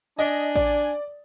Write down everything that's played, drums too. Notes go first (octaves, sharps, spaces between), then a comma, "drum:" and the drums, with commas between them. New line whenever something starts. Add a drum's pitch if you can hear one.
D4 D#5 G#5
D5, drum: kick A1